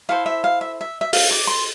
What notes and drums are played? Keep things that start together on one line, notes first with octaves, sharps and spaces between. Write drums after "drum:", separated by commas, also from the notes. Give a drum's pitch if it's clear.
E4 A4 C5 F5
E5
F5
E5
E5
E5
F5, drum: open hi-hat
D6
C6